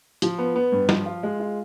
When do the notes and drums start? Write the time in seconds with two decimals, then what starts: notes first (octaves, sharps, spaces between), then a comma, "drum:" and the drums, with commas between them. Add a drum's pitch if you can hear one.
0.22 F3, drum: hi-hat
0.38 B3
0.56 B3
0.72 G2
0.89 F3, drum: snare
1.06 F4
1.23 G#3
1.40 F4